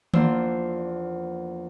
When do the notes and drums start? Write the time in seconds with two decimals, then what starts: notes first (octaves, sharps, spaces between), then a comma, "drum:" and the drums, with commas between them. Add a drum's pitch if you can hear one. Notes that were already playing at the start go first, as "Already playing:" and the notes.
0.14 E2 F3 A#3 D4 C5 E6, drum: tom D#3